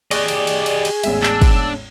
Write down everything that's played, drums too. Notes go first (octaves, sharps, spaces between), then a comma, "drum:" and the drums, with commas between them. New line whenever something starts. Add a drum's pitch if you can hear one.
G4 G#4 D5 D#5 C#6 F#6, drum: cymbal
drum: cymbal
drum: cymbal
drum: cymbal
drum: cymbal
A1 E2 G#3 E5, drum: cymbal
D4 E6, drum: clap
drum: kick, cymbal